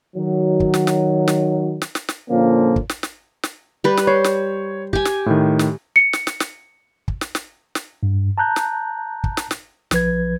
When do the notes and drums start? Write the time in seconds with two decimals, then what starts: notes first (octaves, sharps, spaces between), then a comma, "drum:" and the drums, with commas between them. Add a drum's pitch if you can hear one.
0.16 D#3 F#3
0.60 drum: kick
0.74 drum: snare
0.87 drum: snare
1.28 drum: snare
1.82 drum: snare
1.95 drum: snare
2.09 drum: snare
2.30 A#2 D3 F3 A#3 C#4
2.76 drum: kick
2.89 drum: snare
3.03 drum: snare
3.43 drum: snare
3.84 G3 B4
3.97 drum: snare
4.07 C5 C#5
4.24 drum: snare
4.93 G4 G#5, drum: kick
5.05 drum: snare
5.26 A2 D#3
5.59 drum: snare
5.96 C#7
6.13 drum: snare
6.27 drum: snare
6.40 drum: snare
7.08 drum: kick
7.21 drum: snare
7.35 drum: snare
7.75 drum: snare
8.03 G2
8.38 A5 A#5 F#6 G6
8.56 drum: snare
9.24 drum: kick
9.37 drum: snare
9.51 drum: snare
9.91 B1 F3 B4 G#6, drum: snare